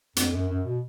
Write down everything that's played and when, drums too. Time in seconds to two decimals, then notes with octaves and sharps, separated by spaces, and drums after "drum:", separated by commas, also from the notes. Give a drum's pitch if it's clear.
0.16 F2, drum: hi-hat
0.32 F#2
0.49 F#2
0.65 B2